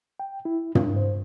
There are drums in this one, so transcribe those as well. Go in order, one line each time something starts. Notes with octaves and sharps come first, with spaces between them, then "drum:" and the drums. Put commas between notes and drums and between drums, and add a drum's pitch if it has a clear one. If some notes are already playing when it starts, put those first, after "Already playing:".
G5
E4
D4, drum: tom
C5